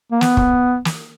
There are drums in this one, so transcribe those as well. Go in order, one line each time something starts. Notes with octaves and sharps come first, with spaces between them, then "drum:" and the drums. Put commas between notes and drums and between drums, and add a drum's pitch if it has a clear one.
A#3
B3, drum: snare
drum: kick
drum: snare